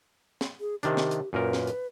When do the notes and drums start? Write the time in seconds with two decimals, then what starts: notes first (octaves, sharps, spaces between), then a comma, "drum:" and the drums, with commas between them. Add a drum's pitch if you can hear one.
0.41 drum: snare
0.60 G#4
0.83 C3 D#3 D4 G4, drum: hi-hat
0.97 drum: snare
1.11 drum: hi-hat
1.33 F#2 A#2 A#4 B4
1.53 drum: snare
1.67 drum: hi-hat